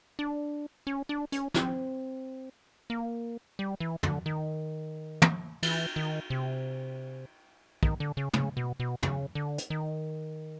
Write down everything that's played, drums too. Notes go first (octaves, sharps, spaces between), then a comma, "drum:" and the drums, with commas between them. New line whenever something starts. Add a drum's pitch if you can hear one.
D4
C#4
D4
C#4, drum: hi-hat
C4, drum: snare
A#3
G3
E3
D3, drum: tom
D#3
drum: tom
E3, drum: cymbal
D#3
C3
D#3, drum: kick
D3
C#3
C#3, drum: tom
B2
B2
C#3, drum: tom
D3
drum: hi-hat
D#3